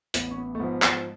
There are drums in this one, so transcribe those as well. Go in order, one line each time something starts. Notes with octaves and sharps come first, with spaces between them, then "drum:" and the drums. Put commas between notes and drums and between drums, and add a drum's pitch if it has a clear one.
A1 B3, drum: hi-hat
C#4
B3
A3
G#2 F3 B3
B3, drum: clap